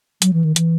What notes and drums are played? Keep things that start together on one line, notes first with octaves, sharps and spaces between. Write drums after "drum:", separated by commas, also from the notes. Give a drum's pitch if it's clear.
F#3, drum: hi-hat
E3
D#3
E3, drum: hi-hat